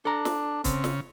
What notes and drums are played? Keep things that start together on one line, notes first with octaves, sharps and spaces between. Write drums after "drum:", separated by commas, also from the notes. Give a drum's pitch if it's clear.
D4 A4 A#5
drum: snare
C#3 C4, drum: kick C#1, hi-hat
drum: snare